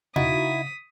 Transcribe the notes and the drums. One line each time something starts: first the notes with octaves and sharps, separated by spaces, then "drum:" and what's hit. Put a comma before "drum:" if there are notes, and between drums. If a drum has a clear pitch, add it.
C#3 D#4 E4 F#4 F5 D#6 A6 B6, drum: tom B2